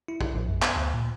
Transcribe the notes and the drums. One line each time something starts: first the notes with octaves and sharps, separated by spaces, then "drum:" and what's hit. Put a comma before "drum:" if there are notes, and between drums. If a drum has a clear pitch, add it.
E4
drum: kick
A#1
F#2
B3, drum: clap
D2
A#2